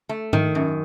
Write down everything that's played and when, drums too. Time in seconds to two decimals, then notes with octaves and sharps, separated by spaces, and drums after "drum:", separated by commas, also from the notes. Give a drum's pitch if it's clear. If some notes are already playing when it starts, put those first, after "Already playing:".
0.09 A3
0.33 D#3, drum: tom G#2
0.55 F#2